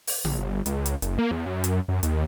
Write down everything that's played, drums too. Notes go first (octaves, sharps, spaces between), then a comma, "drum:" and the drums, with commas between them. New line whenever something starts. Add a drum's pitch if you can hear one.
drum: open hi-hat
A#1, drum: tom C3
G1
C#2, drum: hi-hat
drum: hi-hat
F#1, drum: hi-hat
A#3
E2
F#2
drum: hi-hat
F#2
D#2, drum: hi-hat